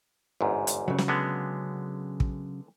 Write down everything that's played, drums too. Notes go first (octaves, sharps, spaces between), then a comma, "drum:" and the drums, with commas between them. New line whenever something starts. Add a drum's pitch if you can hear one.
G1 E2 G#2
drum: hi-hat
C#3 F#3
drum: snare
D3 G#3 B3
drum: kick